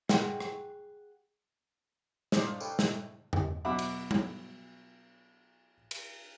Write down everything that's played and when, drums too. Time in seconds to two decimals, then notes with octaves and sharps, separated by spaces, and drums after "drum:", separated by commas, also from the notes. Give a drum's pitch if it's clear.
0.09 G#4 F#5 G5 C6, drum: snare
0.40 drum: rim click
2.32 D4 D#4 C5 D5, drum: snare
2.47 F5
2.60 A4 B4 C#5 G5, drum: tambourine
2.79 E5, drum: snare
3.33 drum: tom E2
3.65 B2 F#3 E5 F#5 B5 D6
3.79 drum: cymbal
4.11 drum: tom G3
5.91 drum: cymbal